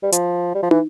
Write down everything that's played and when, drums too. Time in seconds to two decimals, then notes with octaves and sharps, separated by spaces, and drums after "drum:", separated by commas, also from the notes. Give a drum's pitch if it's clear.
0.03 G3
0.12 F3, drum: hi-hat
0.55 G3
0.63 F3
0.71 E3, drum: tom